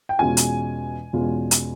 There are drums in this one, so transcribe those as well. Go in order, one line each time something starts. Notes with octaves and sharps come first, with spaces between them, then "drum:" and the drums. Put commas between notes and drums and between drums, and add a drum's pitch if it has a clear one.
G5
E2 B2 G#3 C#4 F4 G#5
drum: hi-hat
E2 B2 G#3 C#4 F4
drum: hi-hat